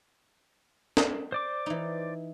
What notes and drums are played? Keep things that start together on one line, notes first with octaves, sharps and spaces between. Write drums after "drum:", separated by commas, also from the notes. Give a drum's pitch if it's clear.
drum: snare
C5 D5 D6
E3 D#4